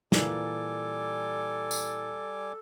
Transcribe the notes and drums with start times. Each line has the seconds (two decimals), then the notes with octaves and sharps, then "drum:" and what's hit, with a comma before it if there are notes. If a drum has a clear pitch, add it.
0.12 A#2 E3 G3 A#3 A4 G#5 D6, drum: snare
1.71 drum: tambourine